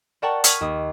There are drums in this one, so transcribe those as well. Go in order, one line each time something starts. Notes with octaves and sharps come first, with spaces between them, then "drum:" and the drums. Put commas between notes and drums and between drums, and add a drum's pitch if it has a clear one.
A#4 D5 F#5 G5 A5 C#6
C#6 D#6 F6 G#6 B6 D#7, drum: hi-hat
D#2 D#6